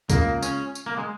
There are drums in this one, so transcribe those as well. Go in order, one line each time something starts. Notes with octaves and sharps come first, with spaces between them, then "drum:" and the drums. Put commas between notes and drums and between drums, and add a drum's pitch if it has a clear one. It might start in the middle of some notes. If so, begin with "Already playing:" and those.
C#3 G#3 A#3 F4, drum: kick, tambourine
C#4, drum: tambourine
drum: tambourine
A#3
G#3